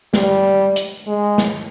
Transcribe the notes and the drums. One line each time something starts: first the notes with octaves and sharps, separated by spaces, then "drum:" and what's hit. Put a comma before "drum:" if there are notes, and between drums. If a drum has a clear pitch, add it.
G3, drum: snare
drum: hi-hat
G#3
drum: snare